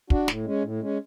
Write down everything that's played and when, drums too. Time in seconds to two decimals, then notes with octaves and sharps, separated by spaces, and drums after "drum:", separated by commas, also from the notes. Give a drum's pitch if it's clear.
0.10 D4 F#4, drum: kick
0.28 A2, drum: snare
0.45 G#3 C#4
0.63 A2
0.80 G#3 C#4